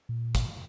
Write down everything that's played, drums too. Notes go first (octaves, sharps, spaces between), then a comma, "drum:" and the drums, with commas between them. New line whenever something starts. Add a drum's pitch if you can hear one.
A#2
drum: kick, hi-hat